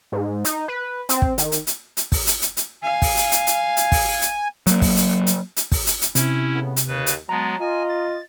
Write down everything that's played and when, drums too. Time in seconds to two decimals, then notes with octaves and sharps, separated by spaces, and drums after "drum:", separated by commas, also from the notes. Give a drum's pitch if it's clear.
0.12 G#2
0.45 D#4, drum: hi-hat
0.68 B4
1.09 C4, drum: hi-hat
1.22 drum: kick
1.38 D#3, drum: hi-hat
1.52 drum: hi-hat
1.67 drum: hi-hat
1.97 drum: hi-hat
2.12 drum: kick, open hi-hat
2.27 drum: hi-hat
2.42 drum: hi-hat
2.57 drum: hi-hat
2.83 F5 G#5
3.02 drum: kick, open hi-hat
3.17 drum: hi-hat
3.32 drum: hi-hat
3.47 drum: hi-hat
3.77 drum: hi-hat
3.92 drum: kick, open hi-hat
4.22 drum: hi-hat
4.67 F#3 A#3, drum: hi-hat
4.82 drum: kick, open hi-hat
4.97 drum: hi-hat
5.27 drum: hi-hat
5.57 drum: hi-hat
5.72 drum: kick, open hi-hat
5.87 drum: hi-hat
6.02 drum: hi-hat
6.15 C3 C#4 E4, drum: hi-hat
6.54 A2 C#3 B3
6.76 drum: hi-hat
6.87 D#2 C#3 B4
7.06 drum: hi-hat
7.29 F#3 G#3 B3 A5 A#5
7.60 F4 D#5 G#5
7.89 A6